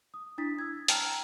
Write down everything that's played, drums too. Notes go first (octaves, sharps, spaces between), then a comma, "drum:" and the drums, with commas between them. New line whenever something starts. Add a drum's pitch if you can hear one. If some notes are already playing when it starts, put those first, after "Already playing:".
D#6
D4 E4 D#6 A6 B6
E6 G#6
G5 A5 A#5 F6 E7 F#7, drum: hi-hat